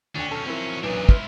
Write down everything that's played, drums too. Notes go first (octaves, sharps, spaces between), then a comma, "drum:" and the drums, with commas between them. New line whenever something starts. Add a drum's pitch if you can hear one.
D2 D3 C#4 D4 G5
F#2 B2 A4 F6
F3 F#3 C4 E4 A#4
B1 F#2 A#2 E3 D4 B4 D#5
G#2 E4 E5 C6 F6, drum: kick